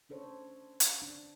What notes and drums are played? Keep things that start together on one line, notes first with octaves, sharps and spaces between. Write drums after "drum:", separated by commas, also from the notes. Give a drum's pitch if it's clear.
C#4 D4 A4 C5 C#5
drum: hi-hat
D4